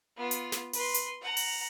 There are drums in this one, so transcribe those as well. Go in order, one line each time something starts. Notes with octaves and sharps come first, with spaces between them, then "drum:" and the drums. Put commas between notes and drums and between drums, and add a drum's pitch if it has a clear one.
B3 F4
drum: hi-hat
drum: snare
B4 C6, drum: open hi-hat
drum: hi-hat
F#5 A#5
drum: open hi-hat